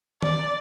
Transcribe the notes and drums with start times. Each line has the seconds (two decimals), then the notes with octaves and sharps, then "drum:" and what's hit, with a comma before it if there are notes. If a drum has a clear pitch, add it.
0.22 D5, drum: tom D#3